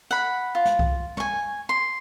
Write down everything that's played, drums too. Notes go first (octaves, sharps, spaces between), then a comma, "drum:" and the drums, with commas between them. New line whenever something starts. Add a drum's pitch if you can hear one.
F#5 B5
F4
drum: snare
drum: kick C2
G#5 C#6, drum: tom
C6